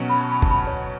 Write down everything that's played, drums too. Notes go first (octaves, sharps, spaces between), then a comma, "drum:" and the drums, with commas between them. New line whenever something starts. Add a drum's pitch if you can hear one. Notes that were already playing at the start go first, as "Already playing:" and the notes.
Already playing: B2 F#3 C#4 F#4
B5
A5
B5
A5, drum: kick
B5
A5
C#5